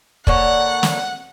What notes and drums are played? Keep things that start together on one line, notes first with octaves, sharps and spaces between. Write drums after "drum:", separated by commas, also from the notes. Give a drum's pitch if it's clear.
D3 A#3 C#5 F#5, drum: kick
drum: snare